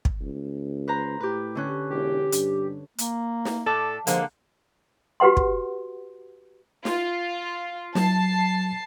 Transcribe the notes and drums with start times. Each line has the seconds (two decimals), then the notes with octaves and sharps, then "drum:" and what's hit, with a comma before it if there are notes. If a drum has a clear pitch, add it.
0.05 drum: kick
0.22 C#2
0.88 B4 C5 A#5
1.20 A2 G4 B4
1.55 D3 C#4 F#6
1.90 E1 G4
2.32 G2, drum: hi-hat
2.98 A#3, drum: hi-hat
3.45 drum: snare
3.66 A2 A4 D5
4.07 D3 F3 G#3 A#3, drum: hi-hat
5.20 F#4 G4 B4 F#5 C6
5.37 drum: kick
6.85 F4, drum: snare
7.95 F#3 A5 C7, drum: snare